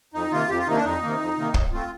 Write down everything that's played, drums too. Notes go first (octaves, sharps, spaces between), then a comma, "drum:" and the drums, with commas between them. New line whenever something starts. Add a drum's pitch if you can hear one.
F2 D#4
C3 D#3 A#3 F4
F2 G4
F4
C3 D#3 A#3 D#4
D4
F2 D#4
C3 D#3 A#3
F2
C3 D#3 A#3
A2, drum: kick
A3 C4 F4